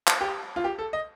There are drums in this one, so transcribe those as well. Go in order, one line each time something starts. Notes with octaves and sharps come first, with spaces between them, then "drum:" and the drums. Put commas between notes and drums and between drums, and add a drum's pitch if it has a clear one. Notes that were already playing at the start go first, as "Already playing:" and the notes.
drum: clap
G4
F4
G4
A4
D#5